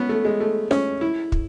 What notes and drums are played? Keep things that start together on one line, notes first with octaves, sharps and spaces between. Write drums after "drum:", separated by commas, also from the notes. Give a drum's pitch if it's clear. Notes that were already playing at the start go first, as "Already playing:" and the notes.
Already playing: B3 C#4
A3
G#3
A3
C#4, drum: rim click
E4
drum: kick